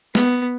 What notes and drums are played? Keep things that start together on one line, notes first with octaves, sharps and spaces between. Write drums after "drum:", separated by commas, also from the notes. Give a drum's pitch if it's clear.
B3, drum: snare